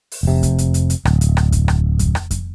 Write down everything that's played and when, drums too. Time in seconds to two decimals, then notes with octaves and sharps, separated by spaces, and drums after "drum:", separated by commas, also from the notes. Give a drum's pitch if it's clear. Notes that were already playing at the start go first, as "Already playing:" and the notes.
0.12 drum: open hi-hat
0.23 F1 C3
0.43 drum: kick F2, hi-hat
0.58 drum: hi-hat
0.74 drum: hi-hat
0.90 drum: hi-hat
1.05 D1, drum: rim click
1.21 drum: hi-hat
1.37 drum: rim click
1.52 drum: kick F2, hi-hat
1.68 drum: rim click
1.99 drum: kick F2, hi-hat
2.15 drum: rim click
2.31 drum: kick F2, hi-hat